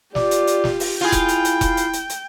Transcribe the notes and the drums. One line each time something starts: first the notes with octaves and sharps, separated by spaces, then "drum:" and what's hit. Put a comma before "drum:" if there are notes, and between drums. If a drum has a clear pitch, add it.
F4 G4 D5, drum: snare
drum: hi-hat
drum: hi-hat
drum: snare
drum: open hi-hat
E4 F4 G#4 G5
drum: kick E1, hi-hat
drum: hi-hat
drum: hi-hat
drum: kick E1, hi-hat
drum: hi-hat
drum: hi-hat
drum: hi-hat